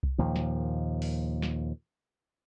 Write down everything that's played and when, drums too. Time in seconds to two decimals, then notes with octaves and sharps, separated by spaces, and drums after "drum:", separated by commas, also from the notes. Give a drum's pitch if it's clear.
0.03 drum: kick C2
0.18 D#2 A#2 F3
0.36 drum: snare
1.02 drum: open hi-hat
1.42 drum: snare